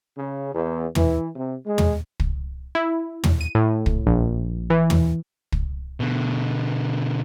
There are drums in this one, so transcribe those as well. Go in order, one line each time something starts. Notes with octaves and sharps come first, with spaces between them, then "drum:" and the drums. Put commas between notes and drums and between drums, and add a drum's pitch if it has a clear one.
C#3
E2
E3, drum: tom
C3
G#3
drum: tom
drum: kick
E4
drum: tom
D#7
A2
drum: kick
A#1
E3
drum: tom
drum: kick
B2 D3